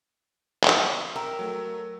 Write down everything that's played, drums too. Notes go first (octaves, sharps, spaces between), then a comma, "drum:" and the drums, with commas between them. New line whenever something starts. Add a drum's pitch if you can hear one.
drum: clap
A#4 E5 G5 E6
F#3 A3